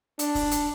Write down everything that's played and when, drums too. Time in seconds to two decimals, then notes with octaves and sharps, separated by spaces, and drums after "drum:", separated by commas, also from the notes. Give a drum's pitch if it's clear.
0.19 D4, drum: hi-hat
0.35 drum: kick, open hi-hat
0.51 drum: hi-hat